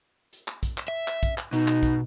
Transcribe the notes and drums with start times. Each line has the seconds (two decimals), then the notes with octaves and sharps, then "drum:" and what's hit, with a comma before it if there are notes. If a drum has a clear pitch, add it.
0.33 drum: hi-hat
0.48 drum: clap
0.63 drum: kick, hi-hat
0.78 drum: clap
0.88 E5
1.08 drum: clap
1.23 drum: kick, hi-hat
1.38 drum: clap
1.53 B2 D#4, drum: hi-hat
1.68 drum: clap
1.83 drum: kick, hi-hat